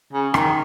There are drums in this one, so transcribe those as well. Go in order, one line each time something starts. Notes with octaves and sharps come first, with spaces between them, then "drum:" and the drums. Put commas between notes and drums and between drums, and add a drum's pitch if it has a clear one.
C#3
D#3, drum: rim click